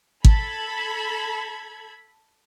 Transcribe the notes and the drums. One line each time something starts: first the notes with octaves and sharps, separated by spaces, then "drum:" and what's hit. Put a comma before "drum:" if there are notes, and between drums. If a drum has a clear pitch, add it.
A4 B5 G#6, drum: kick